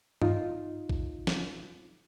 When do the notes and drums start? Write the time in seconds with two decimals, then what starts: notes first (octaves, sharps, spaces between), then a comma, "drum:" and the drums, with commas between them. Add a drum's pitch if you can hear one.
0.22 D#4 F4, drum: tom G2
0.89 drum: kick A#1
1.27 drum: snare